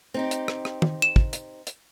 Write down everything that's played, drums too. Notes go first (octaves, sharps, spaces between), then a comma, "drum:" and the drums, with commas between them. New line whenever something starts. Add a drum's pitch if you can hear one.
C4 D#4 G4
drum: hi-hat
drum: rim click
drum: rim click
drum: tom D#3
E7
drum: kick
drum: hi-hat
drum: hi-hat